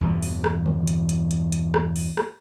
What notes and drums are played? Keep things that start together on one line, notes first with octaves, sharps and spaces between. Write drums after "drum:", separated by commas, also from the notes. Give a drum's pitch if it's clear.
E2 G2 B2 E3
drum: open hi-hat
drum: rim click
drum: tom D3
drum: hi-hat
drum: hi-hat
drum: hi-hat
drum: hi-hat
drum: rim click
drum: open hi-hat
drum: rim click